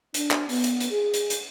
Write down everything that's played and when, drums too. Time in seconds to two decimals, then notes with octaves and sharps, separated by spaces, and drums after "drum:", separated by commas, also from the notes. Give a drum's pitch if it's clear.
0.14 D4, drum: hi-hat
0.31 drum: clap
0.49 B3, drum: open hi-hat
0.64 drum: hi-hat
0.81 drum: hi-hat
0.91 G#4
1.14 drum: hi-hat
1.30 drum: hi-hat